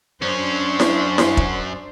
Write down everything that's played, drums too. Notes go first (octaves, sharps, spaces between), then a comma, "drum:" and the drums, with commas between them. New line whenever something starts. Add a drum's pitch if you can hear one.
F#2 C#4 D4 C5
drum: snare E4
drum: snare E4
drum: kick F1